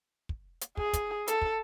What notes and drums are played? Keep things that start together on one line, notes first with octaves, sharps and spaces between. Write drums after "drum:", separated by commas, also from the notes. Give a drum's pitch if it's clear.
drum: kick
drum: hi-hat
G#4, drum: kick
drum: kick, hi-hat
A4, drum: hi-hat
drum: kick